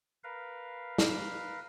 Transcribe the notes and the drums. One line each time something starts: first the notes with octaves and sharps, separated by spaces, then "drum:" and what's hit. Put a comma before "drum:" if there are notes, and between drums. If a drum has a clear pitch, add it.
A#4 B4 F5
drum: snare